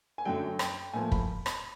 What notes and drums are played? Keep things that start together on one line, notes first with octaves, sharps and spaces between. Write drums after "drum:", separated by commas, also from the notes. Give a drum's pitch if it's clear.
G#5
F#2 D3 F#3 A3 G5
G5, drum: rim click
A2 F3 A#3 G#5
B5, drum: kick
B5, drum: rim click